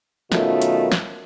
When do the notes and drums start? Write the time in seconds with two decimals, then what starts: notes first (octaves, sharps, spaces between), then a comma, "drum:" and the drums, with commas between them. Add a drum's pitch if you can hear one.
0.32 F#2 B2 D#3 F#3 A3 F4, drum: snare
0.62 drum: hi-hat
0.92 drum: snare